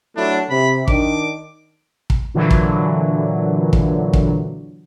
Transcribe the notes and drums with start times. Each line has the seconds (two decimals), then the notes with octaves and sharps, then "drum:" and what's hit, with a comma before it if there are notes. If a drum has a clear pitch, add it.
0.16 F#3 A3 D4 E4
0.50 C3 B5
0.88 D#3 D4 D6, drum: kick
2.10 drum: kick
2.34 A#2 D3 E3 F#3
2.50 drum: kick
3.73 drum: kick
4.13 drum: kick